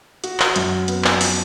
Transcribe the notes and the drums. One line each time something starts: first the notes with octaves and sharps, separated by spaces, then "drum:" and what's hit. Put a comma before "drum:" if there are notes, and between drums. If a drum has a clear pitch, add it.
F#4, drum: hi-hat
drum: clap
F#2, drum: hi-hat
B3, drum: hi-hat
drum: clap
F3, drum: open hi-hat